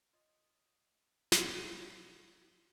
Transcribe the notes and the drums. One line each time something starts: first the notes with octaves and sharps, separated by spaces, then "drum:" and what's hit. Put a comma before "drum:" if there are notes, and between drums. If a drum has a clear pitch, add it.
F4 C#5 D#5
drum: snare